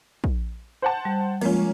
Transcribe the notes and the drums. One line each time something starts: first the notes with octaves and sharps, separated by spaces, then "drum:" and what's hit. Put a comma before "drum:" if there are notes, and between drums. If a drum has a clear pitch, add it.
drum: kick
C5 F#5 A5
G3
F3 G#3 A#3 C#4 F4, drum: cymbal